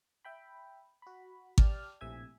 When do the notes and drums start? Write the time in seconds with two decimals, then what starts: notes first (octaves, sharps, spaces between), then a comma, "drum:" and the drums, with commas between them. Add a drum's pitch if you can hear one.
0.25 E5 G5 B5
1.02 F#4 B5
1.58 G4 D5 A5 F6, drum: kick G#1
2.01 A#1 A2 C3 E5 G#5 G#6